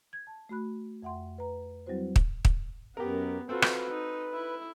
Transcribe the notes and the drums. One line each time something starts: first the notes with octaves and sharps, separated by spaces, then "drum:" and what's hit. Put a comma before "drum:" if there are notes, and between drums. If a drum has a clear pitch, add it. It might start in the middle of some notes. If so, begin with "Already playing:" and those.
G#6
A5
A3 F#4 B5 F#6
F2 E5 F#5 G5 C6
B4 A#5
F#3 G3 C4 E4 F#4 C5
drum: kick
drum: kick
F#2 B3 G4 A#4
C4 F4 F#4 A4 B4
drum: rim click
D#4
E4